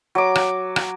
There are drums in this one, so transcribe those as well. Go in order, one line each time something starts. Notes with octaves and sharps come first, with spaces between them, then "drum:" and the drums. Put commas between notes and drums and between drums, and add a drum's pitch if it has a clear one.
F#3 D6
drum: rim click
drum: rim click